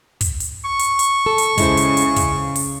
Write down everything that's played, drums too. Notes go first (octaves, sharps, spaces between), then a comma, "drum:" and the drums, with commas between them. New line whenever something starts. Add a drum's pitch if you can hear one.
drum: kick, hi-hat
drum: hi-hat
C#6
drum: hi-hat
drum: hi-hat
A4
drum: hi-hat
C#3 G#3 E4 C5, drum: kick, hi-hat
drum: hi-hat
drum: hi-hat
drum: kick, hi-hat
drum: open hi-hat